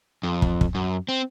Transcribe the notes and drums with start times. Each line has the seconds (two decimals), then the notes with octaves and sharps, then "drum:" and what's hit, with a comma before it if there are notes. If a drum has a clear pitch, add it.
0.23 F2
0.42 drum: kick
0.61 drum: kick
0.75 F#2
1.09 C4